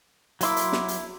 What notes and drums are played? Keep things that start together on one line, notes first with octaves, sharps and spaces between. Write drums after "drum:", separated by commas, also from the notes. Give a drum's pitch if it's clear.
F#3 A#3 E4 C6 D6, drum: hi-hat
drum: hi-hat
drum: snare
drum: hi-hat